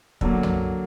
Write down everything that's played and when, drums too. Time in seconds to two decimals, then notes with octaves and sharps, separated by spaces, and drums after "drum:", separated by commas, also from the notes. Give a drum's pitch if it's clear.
0.21 D3 F#3 A#3, drum: kick
0.43 drum: tom